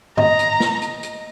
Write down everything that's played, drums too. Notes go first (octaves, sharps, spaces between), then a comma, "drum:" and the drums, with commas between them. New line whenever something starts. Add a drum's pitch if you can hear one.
D#5 A#5, drum: tom
drum: hi-hat
drum: snare
drum: hi-hat
drum: hi-hat